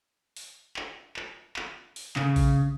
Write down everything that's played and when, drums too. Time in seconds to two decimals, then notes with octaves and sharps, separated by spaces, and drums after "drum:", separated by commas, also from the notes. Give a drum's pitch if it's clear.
0.37 drum: open hi-hat
0.76 drum: clap
1.16 drum: clap
1.56 drum: clap
1.96 drum: open hi-hat
2.16 C#3, drum: clap
2.36 drum: kick A1, open hi-hat